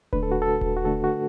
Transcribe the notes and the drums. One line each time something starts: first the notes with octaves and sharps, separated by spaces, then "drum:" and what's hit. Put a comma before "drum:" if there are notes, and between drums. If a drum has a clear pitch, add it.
D3 A3 D4 B4, drum: kick D#1
A4
F#4
A4
drum: kick D#1
F#4
D3 A3 D4 A4
F#4